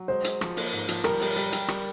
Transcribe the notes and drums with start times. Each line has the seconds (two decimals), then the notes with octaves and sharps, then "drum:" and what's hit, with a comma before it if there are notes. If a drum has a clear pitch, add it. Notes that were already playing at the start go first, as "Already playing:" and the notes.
Already playing: F#3
0.08 G#3 C5
0.24 G#3, drum: hi-hat
0.41 F3, drum: rim click
0.57 A#3, drum: open hi-hat
0.72 G#2
0.89 F3, drum: hi-hat
1.04 G3 A#4, drum: rim click
1.21 G3, drum: open hi-hat
1.36 G3
1.53 G3, drum: hi-hat
1.68 G3, drum: rim click